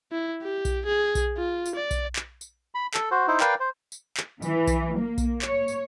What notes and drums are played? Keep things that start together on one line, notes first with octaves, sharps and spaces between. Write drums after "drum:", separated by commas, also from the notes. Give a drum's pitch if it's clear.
E4
G4
drum: kick B1, tambourine
G#4
drum: kick B1, tambourine
F4
drum: tambourine
D5
drum: kick B1, tambourine
drum: clap
drum: tambourine
B5
A4, drum: clap
F#4 C5
D#4 E4 C5
A#4 B4 D5 F5 G5, drum: clap
C5
drum: tambourine
drum: clap
E3, drum: tambourine
drum: kick B1, tambourine
A#3
drum: kick B1, tambourine
C#5, drum: clap
drum: tambourine